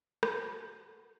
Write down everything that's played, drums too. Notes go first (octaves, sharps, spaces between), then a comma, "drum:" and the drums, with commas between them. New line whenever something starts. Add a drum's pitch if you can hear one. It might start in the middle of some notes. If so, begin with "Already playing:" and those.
F3 F#3 F#4, drum: rim click